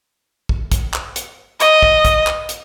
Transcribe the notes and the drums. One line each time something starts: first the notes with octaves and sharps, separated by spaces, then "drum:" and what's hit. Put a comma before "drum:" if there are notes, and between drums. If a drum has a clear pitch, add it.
drum: kick
drum: kick, hi-hat
drum: clap
drum: hi-hat
D#5, drum: hi-hat
drum: kick
drum: kick, hi-hat
drum: clap
drum: hi-hat